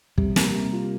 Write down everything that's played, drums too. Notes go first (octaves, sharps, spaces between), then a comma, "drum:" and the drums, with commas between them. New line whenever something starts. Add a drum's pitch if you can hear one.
C3 G3, drum: kick
A#3, drum: snare
C3
F4